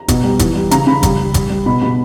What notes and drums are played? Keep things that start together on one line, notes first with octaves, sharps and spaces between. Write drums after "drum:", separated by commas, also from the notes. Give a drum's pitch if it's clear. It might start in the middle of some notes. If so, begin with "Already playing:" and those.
Already playing: A#5
B2, drum: kick F#1, hi-hat
G3
E3, drum: kick F#1, hi-hat
G3
C#3 A#5, drum: hi-hat
C#3 B5
G3, drum: kick F#1, hi-hat
G3
G3, drum: kick F#1, hi-hat
G3
B2 B5
B2 B5